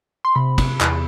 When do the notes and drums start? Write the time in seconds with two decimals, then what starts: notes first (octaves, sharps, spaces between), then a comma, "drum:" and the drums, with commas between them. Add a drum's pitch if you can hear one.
0.25 C6
0.35 C3 B5
0.58 drum: kick, cymbal
0.81 E2, drum: clap